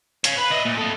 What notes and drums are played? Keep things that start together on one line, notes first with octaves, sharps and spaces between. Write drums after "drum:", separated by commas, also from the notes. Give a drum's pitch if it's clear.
C#5 F5, drum: hi-hat
B4 B5
D#5 E5
A#2
A4 D#5